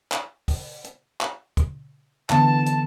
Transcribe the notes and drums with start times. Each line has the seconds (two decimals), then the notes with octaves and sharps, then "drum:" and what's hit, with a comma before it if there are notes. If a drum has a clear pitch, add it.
0.12 drum: clap
0.48 drum: kick, open hi-hat
0.84 drum: hi-hat
1.21 drum: clap
1.57 drum: kick, hi-hat
2.30 D3 E3 B3 A5, drum: clap
2.66 drum: hi-hat